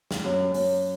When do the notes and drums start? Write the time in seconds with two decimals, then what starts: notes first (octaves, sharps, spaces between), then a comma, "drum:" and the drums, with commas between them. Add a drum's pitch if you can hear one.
0.11 drum: snare
0.24 F#2
0.54 F#2, drum: open hi-hat